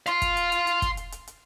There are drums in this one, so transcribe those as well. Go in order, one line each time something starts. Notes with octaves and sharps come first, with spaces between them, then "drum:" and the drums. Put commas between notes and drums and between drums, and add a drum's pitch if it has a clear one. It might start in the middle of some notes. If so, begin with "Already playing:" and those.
F5 C6, drum: hi-hat
drum: kick, hi-hat
drum: hi-hat
drum: hi-hat
drum: hi-hat
drum: kick, hi-hat
drum: hi-hat
drum: hi-hat
drum: hi-hat